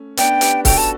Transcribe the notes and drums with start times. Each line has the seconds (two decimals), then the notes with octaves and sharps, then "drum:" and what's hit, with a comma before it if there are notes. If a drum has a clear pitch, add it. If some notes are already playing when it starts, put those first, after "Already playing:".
Already playing: A3 C#4
0.17 B3 D4 G5, drum: hi-hat
0.41 G4 B4, drum: hi-hat
0.65 F#4 A4 G5, drum: kick C#1, open hi-hat
0.78 A5